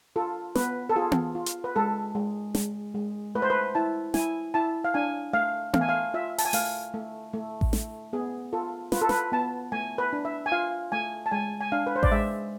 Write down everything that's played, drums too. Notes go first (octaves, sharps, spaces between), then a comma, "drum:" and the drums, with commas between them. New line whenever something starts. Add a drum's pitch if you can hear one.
F4 A4
B3 B4, drum: snare
A4
F4 G#4
drum: tom B3
F4
drum: hi-hat
B4
G#3 A4
G#3
G#3, drum: snare
G#3
A3 B4
C5
B4
E4 A5
E4 G#5, drum: snare
E4 A5
F5
D4 G#5
A3 F5
A3 F5, drum: tom B3
G#5
F5
F4 E5
A5, drum: open hi-hat
G#5
A3 F5, drum: open hi-hat
A3
A3
drum: kick A1
A3, drum: snare
B3 G#4
F4 A4
F4 B4, drum: snare
A4
B4, drum: snare
B3 A5
A3 G#5
B4
D4
E5
G#5
F4 F5
A3 G#5
A5
G#3 G#5
G#5
D4 F5
B4
C5
D5, drum: kick A1
G#3 E5